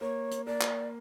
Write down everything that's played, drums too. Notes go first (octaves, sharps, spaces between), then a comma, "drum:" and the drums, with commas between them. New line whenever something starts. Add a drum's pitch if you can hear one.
A#3 C#5
drum: hi-hat
A#3 D5
drum: clap